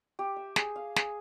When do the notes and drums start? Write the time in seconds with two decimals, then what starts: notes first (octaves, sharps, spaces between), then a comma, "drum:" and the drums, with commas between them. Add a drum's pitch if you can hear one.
0.19 G4
0.36 E5
0.56 G#4, drum: snare
0.76 F5
0.96 G#4, drum: snare